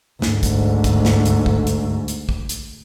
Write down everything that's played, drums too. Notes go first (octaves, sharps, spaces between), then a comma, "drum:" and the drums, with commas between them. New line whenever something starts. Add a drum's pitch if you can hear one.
D2 G#2, drum: snare
drum: kick, hi-hat
drum: kick, hi-hat
drum: snare
drum: hi-hat
drum: kick
drum: hi-hat
drum: hi-hat
drum: kick
drum: hi-hat